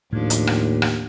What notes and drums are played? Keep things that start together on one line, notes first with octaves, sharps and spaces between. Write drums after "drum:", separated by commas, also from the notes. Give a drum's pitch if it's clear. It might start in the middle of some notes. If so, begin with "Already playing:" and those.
D#2 A2 F3 D4
drum: hi-hat
drum: rim click
drum: rim click